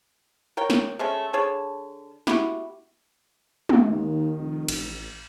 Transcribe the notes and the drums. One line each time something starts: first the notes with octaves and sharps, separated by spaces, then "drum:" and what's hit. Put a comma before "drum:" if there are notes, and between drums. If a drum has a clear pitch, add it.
A#4 C#5 G5
drum: snare
G#3 A3 C#4
D3 G#4 C#5 A5
E4 F#4 G4, drum: snare
A1, drum: tom
D#2 D#3
F1
A1, drum: cymbal